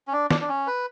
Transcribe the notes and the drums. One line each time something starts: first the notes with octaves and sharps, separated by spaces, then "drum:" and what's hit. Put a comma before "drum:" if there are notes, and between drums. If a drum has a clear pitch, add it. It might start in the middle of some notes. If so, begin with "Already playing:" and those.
C#4
D4
D4, drum: snare
D4
C#4
B4